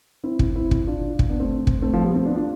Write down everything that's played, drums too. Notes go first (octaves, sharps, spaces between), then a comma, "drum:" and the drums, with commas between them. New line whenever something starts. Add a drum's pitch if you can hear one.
C4 E4
drum: kick
C4 E4
drum: kick
D4 F4
drum: kick
B3 D4
A3 C4
drum: kick
A3 C4
F3 A3
G3 B3
A3 C4
B3 D4
D4 F4